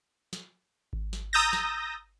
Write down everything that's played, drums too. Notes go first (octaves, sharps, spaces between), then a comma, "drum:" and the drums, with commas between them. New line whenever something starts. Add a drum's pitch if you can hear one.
drum: snare
drum: kick G#1
drum: snare
A#5 D#6 E6 G6 A6 A#6
drum: snare